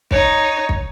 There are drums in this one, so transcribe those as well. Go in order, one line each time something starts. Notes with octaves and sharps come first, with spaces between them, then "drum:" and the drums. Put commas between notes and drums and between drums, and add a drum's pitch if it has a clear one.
D#4 C#5, drum: kick
drum: kick